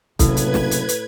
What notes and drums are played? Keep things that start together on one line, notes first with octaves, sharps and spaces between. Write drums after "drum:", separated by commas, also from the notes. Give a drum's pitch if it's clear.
F#1 A2 C3 C4 B4 G#6, drum: kick, hi-hat
drum: hi-hat
drum: snare
drum: hi-hat
drum: hi-hat